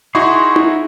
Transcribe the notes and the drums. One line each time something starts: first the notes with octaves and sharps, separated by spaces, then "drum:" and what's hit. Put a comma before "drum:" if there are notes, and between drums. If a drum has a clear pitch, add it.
D#4 E4 F#4 G#4 C6 C#6
drum: tom D#4